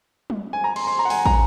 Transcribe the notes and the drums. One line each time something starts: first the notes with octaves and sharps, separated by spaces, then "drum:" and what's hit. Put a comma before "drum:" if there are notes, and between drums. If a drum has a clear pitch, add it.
drum: tom F#3
G#5
A#5
C6, drum: cymbal
C6
A#5
F#5
G#5, drum: open hi-hat
A#5, drum: kick